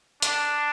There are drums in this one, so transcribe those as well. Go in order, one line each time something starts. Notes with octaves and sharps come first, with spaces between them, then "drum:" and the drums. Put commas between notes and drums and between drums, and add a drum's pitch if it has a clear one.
D4, drum: hi-hat